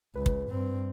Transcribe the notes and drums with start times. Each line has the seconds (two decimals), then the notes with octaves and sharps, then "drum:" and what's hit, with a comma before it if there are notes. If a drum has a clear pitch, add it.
0.15 C#2 B4
0.26 drum: kick
0.49 G2 C4